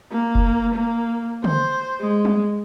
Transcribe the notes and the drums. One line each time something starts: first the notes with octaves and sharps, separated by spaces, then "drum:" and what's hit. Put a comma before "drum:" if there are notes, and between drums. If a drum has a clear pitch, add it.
A#3
drum: kick F1
A#3
C5, drum: tom
G#3
drum: tom